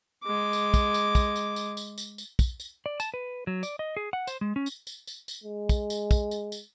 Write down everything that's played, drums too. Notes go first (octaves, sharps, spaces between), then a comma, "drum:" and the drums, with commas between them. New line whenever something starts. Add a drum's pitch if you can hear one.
G#3 D6
drum: tambourine
drum: kick, tambourine
drum: tambourine
drum: kick, tambourine
drum: tambourine
drum: tambourine
drum: tambourine
drum: tambourine
drum: tambourine
drum: kick, tambourine
drum: tambourine
D5
A5, drum: tambourine
B4
F#3
D5, drum: tambourine
D#5
G#4
F#5
C5, drum: tambourine
G#3
C#4
drum: tambourine
drum: tambourine
drum: tambourine
drum: tambourine
G#3
drum: kick, tambourine
drum: tambourine
drum: kick, tambourine
drum: tambourine
drum: tambourine